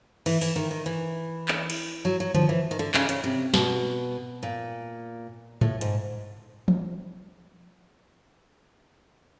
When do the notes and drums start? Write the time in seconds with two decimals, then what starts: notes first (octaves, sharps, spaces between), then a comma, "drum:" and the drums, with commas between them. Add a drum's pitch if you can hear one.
0.26 E3, drum: cymbal
0.41 E3, drum: open hi-hat
0.56 D#3
0.71 D#3
0.86 E3
1.48 drum: clap
1.70 drum: cymbal
2.05 F#3
2.20 F#3
2.34 F3, drum: tom D3
2.49 E3
2.71 D#3
2.79 D3
2.94 C#3, drum: clap
3.09 C#3, drum: hi-hat
3.24 C3
3.54 B2, drum: snare
4.43 A#2
5.61 A2, drum: tom G#2
5.81 G#2, drum: hi-hat
6.68 drum: tom E3